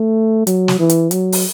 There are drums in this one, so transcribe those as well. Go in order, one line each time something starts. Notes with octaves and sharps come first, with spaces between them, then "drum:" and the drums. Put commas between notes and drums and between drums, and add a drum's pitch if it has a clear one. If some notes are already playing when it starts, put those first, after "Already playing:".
Already playing: A3
F#3, drum: hi-hat
drum: snare
E3
drum: hi-hat
F#3, drum: hi-hat
drum: open hi-hat